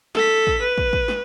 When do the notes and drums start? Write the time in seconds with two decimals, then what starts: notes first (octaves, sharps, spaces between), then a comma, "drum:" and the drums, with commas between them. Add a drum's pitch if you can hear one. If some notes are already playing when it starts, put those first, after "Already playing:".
0.15 A4 B6, drum: snare
0.47 drum: kick
0.62 B4
0.78 drum: kick
0.93 drum: kick
1.08 drum: snare